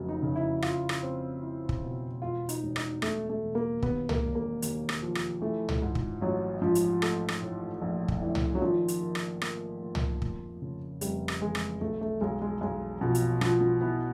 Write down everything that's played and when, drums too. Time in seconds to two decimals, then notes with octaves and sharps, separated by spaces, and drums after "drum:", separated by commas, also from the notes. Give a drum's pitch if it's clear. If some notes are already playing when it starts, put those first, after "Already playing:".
Already playing: F1 C#3 F#3
0.09 D#4
0.22 C#3
0.36 E4
0.62 E4 F4, drum: rim click
0.89 drum: rim click
1.02 C4
1.42 E4
1.69 drum: kick
1.83 B2
2.22 E1 F4
2.49 D#4, drum: hi-hat
2.62 E1
2.76 D#4, drum: rim click
3.02 E1 A3, drum: rim click
3.29 A3
3.42 E1
3.55 A#3
3.83 D#2 B3, drum: kick
4.09 A#3, drum: tom
4.22 E1
4.35 A#3
4.62 D#2, drum: hi-hat
4.89 drum: rim click
5.02 F3
5.15 drum: rim click
5.42 E3 A3
5.69 drum: tom
5.82 G#2
5.95 drum: kick
6.21 A1 F#3
6.62 G#2 F3
6.75 drum: hi-hat
7.02 A3, drum: rim click
7.28 drum: rim click
7.42 A2
7.82 A#1
8.08 drum: kick
8.21 A#1 E3
8.35 drum: tom
8.55 F#3
8.62 D#3 F3
8.88 drum: hi-hat
9.01 A#3
9.15 drum: rim click
9.41 A#3, drum: rim click
9.82 A#3
9.95 drum: tom
10.22 F1, drum: kick
10.62 C#3
11.01 F1 G3, drum: hi-hat
11.28 drum: rim click
11.41 E2 G#3
11.55 drum: rim click
11.81 B1 A3
12.01 A3
12.21 B1 G#3
12.42 G#3
12.61 B1 G#3
13.01 B2 F3
13.15 drum: hi-hat
13.41 F3 B3, drum: rim click
13.61 F3
13.81 E3 B3